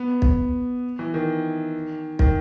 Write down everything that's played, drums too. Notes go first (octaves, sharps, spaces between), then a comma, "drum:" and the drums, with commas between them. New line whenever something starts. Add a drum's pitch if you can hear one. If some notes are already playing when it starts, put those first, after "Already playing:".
Already playing: B3
drum: kick
E3
D#3
D#3, drum: kick